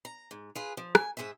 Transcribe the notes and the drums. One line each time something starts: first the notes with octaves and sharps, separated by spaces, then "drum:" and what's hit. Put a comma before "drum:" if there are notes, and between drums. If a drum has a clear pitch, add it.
A#5
G#2
F4 G#4 B4
F3
G#5, drum: rim click
G#2 E3 G#4 C5 E5